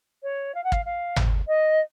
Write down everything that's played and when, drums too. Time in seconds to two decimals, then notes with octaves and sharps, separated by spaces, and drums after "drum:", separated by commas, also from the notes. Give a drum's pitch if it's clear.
0.23 C#5
0.54 F5
0.63 F#5
0.72 F5, drum: kick
0.85 F5
1.16 drum: tom G#1
1.47 D#5